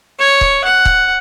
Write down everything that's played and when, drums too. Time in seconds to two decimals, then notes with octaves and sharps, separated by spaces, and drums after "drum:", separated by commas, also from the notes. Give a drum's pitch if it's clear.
0.19 C#5
0.41 drum: kick
0.64 F#5
0.85 drum: kick